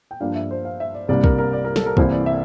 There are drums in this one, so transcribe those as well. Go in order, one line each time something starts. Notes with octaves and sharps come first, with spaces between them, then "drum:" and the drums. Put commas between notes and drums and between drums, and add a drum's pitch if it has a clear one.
G5
G2 F3 A#3 D4 F5
E5
C5
F5
E5
D5
C2 C3 G3 A#3 D4 D5
A#4, drum: kick
A#4
D5
A#4
A4, drum: snare
A#4
C2 C3 E3 A#3 E4 C5, drum: kick
D5
E5